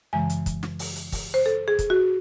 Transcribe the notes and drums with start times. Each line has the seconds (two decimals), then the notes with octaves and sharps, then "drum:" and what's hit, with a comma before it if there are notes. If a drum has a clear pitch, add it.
0.13 F#2 C#3 E3 G#3 G#5
0.30 drum: hi-hat
0.46 drum: kick, hi-hat
0.63 drum: snare
0.79 drum: open hi-hat
0.96 drum: hi-hat
1.12 drum: kick, open hi-hat
1.34 C5
1.46 A4
1.68 G#4
1.79 drum: kick, hi-hat
1.90 F#4